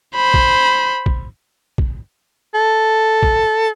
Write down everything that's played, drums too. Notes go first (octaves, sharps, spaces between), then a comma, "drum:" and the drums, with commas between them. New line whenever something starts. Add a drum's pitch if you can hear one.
C5 B5
drum: kick
drum: kick
drum: kick
A4
drum: kick